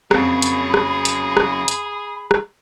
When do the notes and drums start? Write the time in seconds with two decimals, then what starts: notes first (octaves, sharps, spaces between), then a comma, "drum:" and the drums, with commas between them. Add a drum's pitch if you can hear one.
0.11 F2 C#3 F#3 C4 G#4 B5, drum: rim click
0.42 drum: hi-hat
0.74 drum: rim click
1.05 drum: hi-hat
1.37 drum: rim click
1.68 drum: hi-hat
2.31 drum: rim click